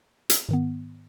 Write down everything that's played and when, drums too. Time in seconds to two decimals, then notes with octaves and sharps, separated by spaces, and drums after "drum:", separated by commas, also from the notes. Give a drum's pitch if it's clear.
0.30 drum: hi-hat
0.49 G#2 D#3 B3